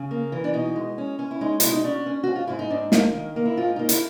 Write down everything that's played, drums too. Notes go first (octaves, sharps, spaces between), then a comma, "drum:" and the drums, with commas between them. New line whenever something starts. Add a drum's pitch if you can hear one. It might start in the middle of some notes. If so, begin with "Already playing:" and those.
Already playing: C#3
A#3
E3
D4
B2 D#4
G#3
C#4
C#4
E4
G#3 D#4
B2 E4, drum: hi-hat
D#4
C#4 D4
C#4
G#2 F#4
F4
G#2 E4
D#4
G#2 D4
A#3, drum: snare
D#3
A#3
E4
G#2 F4
A#3 D#4
E4, drum: hi-hat